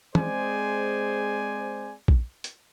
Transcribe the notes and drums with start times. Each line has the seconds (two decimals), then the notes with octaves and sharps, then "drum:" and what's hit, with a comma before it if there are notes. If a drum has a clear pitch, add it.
0.15 G#3 C4 G#4 C5 D5 G#5, drum: tom
2.08 drum: kick A#1
2.44 drum: hi-hat